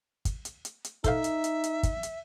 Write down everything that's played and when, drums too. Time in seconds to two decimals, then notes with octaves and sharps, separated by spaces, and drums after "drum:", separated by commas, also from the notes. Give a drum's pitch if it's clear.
0.25 drum: kick, hi-hat
0.45 drum: hi-hat
0.65 drum: hi-hat
0.85 drum: hi-hat
1.04 D#4 A4 C5 E5 F5, drum: kick, hi-hat
1.24 drum: hi-hat
1.44 drum: hi-hat
1.64 drum: hi-hat
1.83 drum: kick, hi-hat
2.03 drum: hi-hat